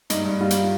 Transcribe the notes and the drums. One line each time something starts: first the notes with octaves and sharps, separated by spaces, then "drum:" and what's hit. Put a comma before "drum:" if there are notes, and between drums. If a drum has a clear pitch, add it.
G2 D#4, drum: hi-hat
G2
G3 F4
drum: hi-hat